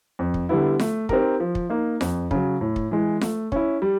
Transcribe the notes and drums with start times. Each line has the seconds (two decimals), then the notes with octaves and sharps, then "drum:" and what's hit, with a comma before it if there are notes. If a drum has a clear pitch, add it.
0.19 F2
0.34 drum: kick
0.49 D3 G3 B3 E4
0.79 A3, drum: snare F4
1.09 C4 D#4 G4 A#4, drum: kick
1.40 F3
1.55 drum: kick
1.70 A#3 D#4
2.01 F2, drum: snare F4
2.31 C#3 F#3, drum: kick
2.61 A2
2.76 drum: kick
2.91 E3 G#3
3.21 A3, drum: snare F4
3.52 C#4 E4, drum: kick
3.82 G3